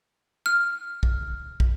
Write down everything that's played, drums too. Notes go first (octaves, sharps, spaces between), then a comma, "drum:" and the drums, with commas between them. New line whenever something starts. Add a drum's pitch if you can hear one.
F6
drum: kick
drum: kick